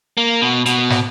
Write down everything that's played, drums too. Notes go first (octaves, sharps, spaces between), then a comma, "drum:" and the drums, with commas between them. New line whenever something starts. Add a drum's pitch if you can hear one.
A#3
B2
B2, drum: hi-hat
drum: snare